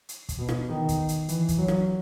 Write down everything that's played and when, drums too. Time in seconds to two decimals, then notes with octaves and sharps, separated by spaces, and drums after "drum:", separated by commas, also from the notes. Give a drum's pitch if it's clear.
0.09 drum: hi-hat
0.29 drum: kick, hi-hat
0.39 B2
0.49 drum: rim click
0.69 D#3
0.89 drum: kick, hi-hat
1.08 drum: hi-hat
1.29 E3, drum: hi-hat
1.48 drum: kick, hi-hat
1.58 F#3
1.68 drum: rim click